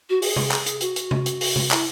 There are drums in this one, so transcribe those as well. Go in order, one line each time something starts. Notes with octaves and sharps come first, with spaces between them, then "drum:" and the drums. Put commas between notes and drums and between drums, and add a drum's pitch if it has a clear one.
F#4
G#4, drum: open hi-hat
drum: tom C3
drum: clap
drum: hi-hat
F#4, drum: hi-hat
drum: hi-hat
drum: tom C3
drum: hi-hat
drum: open hi-hat
drum: tom C3
E4, drum: clap